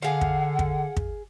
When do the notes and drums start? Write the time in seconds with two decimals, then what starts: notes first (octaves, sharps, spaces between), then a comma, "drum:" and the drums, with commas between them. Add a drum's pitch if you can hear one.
0.03 D3 G#4 F5 F#5
0.21 drum: kick
0.59 drum: kick
0.97 drum: kick